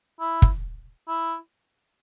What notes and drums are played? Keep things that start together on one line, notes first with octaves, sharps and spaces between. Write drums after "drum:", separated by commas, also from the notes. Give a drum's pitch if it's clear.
E4
drum: kick
E4